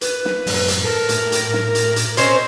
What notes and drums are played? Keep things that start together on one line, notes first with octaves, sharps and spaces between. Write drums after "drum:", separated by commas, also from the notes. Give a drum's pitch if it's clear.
B4, drum: hi-hat
drum: snare
F#2 A2, drum: open hi-hat
drum: hi-hat
A4 A#4
A2, drum: hi-hat
drum: hi-hat
drum: snare
drum: hi-hat
drum: hi-hat
C4 C#4 C5 D#5, drum: hi-hat